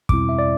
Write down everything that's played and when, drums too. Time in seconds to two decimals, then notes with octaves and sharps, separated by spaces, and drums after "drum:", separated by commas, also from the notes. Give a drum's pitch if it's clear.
0.09 E2 B2 G3 C4 E4 D6, drum: kick
0.29 E5
0.39 D5